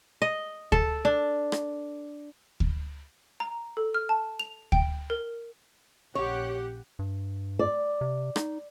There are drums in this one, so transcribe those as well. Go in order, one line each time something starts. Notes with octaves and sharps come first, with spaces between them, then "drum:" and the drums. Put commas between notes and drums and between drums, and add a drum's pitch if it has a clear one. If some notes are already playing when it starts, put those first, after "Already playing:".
D#5
A4, drum: kick D2
D4
drum: rim click
drum: kick D2
A#5
A4
F6
A5
F7
G5, drum: kick D2
A#4
A#1 C#3 G4 C#5 F#5
G2
D5
C3
D#4, drum: rim click